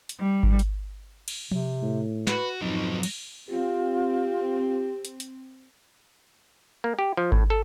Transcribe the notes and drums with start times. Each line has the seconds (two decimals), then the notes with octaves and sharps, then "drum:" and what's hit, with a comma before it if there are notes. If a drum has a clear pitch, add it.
0.09 drum: hi-hat
0.19 G3
0.43 drum: kick G#1
0.59 drum: hi-hat
1.28 drum: cymbal
1.51 C3, drum: tom F3
1.82 A2
2.27 F#4 B4, drum: snare
2.61 F2 G#2 F#3 D#4
3.03 drum: cymbal
3.49 C4 F4 G4
5.05 drum: hi-hat
5.20 drum: hi-hat
6.84 A#3
6.99 G4
7.17 F3
7.32 A2, drum: kick G#1
7.50 A4